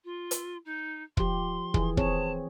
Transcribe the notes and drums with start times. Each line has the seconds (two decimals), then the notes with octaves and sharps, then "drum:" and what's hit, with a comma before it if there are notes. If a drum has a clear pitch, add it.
0.04 F4
0.31 drum: hi-hat
0.65 D#4
1.17 F3 G4 C6, drum: kick
1.74 E3 G#4, drum: kick
1.97 C4 G#4 C#5 A5, drum: kick